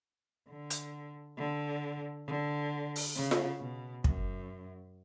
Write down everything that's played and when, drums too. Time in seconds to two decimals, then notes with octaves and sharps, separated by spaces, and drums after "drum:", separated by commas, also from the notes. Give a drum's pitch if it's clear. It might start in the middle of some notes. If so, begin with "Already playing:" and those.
0.49 D3
0.70 drum: hi-hat
1.37 D3
2.27 D3
2.96 drum: open hi-hat
3.16 C#3
3.31 drum: snare F4
3.61 B2
4.04 F#2, drum: kick